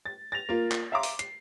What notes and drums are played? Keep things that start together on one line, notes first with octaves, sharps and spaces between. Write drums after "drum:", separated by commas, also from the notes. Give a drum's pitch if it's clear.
A6
A6 A#6 F7
A#3 F4
drum: clap
E5 F5 A#5 C6 D6
drum: open hi-hat
C7, drum: hi-hat